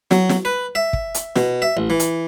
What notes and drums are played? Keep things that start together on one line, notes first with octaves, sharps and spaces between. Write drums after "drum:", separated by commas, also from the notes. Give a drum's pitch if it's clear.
F#3, drum: snare
drum: snare
B4
E5
drum: kick
drum: hi-hat
B2, drum: snare
E5
A1
E3
drum: hi-hat